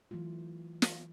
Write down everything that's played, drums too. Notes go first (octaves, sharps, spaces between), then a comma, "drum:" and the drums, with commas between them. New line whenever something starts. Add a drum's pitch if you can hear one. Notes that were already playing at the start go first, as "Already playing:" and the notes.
E3 F#3 A3 F4
drum: snare